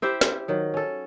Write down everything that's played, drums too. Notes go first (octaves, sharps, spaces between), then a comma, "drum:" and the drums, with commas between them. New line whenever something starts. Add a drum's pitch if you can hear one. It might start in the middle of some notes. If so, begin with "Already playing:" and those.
E4 G4 C5 E5
drum: snare
D#3 F#3
C#4 A4